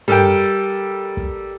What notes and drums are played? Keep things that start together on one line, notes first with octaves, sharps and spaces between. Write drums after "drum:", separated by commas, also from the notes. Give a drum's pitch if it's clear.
G3 A4 A#4 G5, drum: tom
drum: kick